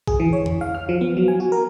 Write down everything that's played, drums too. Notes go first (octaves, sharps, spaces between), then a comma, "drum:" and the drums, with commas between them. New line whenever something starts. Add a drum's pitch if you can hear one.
G#4, drum: kick
E3
C#5
drum: tom F2
F5
F6
F3
B3
F#3
G#5
F#4
A#4